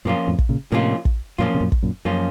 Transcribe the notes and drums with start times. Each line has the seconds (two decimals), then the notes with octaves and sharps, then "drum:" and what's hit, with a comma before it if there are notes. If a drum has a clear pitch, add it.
0.05 F#2 A#2 F3 A#3 C#4 F4
0.27 F2 A2
0.38 drum: kick
0.49 A#2 C#3
0.72 A2 C3 F3 A#3 C#4 F4
1.05 drum: kick
1.38 F#2 A#2 F3 A#3 C#4 F4
1.54 C3
1.61 F#2 A#2
1.72 drum: kick
1.83 F#2 A#2
2.05 F#2 F3 A#3 C#4 F4